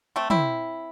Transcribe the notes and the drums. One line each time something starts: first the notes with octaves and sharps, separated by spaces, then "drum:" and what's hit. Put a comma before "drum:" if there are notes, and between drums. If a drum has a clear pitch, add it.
A3 C4
C4 E4, drum: tom